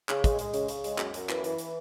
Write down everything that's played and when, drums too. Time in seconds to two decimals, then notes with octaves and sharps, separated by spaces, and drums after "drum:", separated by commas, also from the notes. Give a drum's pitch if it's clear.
0.09 C#3, drum: clap
0.24 G#3, drum: kick, hi-hat
0.39 G#3, drum: hi-hat
0.54 C#3, drum: hi-hat
0.68 C#3, drum: hi-hat
0.84 G#3, drum: hi-hat
0.98 F#2, drum: clap
1.14 F#2, drum: hi-hat
1.29 E3, drum: clap
1.44 E3, drum: hi-hat
1.58 drum: hi-hat